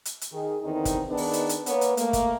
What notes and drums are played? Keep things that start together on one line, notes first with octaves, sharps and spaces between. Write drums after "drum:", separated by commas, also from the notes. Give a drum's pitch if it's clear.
drum: hi-hat
drum: hi-hat
D#3 G#4
E2 D3 D#3 C4 D#4
drum: kick, hi-hat
D#3 B3 D4 D#4 G#4 B4
drum: open hi-hat
drum: hi-hat
drum: hi-hat
A#3 B3 C#5, drum: hi-hat
drum: hi-hat
A3 A#3, drum: hi-hat
drum: kick, hi-hat